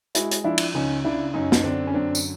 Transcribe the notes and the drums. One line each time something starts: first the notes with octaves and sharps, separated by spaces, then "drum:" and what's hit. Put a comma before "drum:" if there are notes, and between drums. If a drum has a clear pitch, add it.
G#3 E4 F#4, drum: hi-hat
drum: hi-hat
F3 D4 E4
drum: cymbal
C#2 C#4 D#4
C#3 D4 E4
F#2 C#4 D#4
D#4, drum: snare
D3 C4 D4
C#4
F#2 C4 D4
drum: tambourine